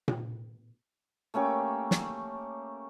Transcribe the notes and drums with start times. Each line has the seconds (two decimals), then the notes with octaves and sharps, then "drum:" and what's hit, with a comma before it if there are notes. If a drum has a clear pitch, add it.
0.08 drum: tom A#2
1.34 A3 A#3 C#4 G4
1.91 drum: snare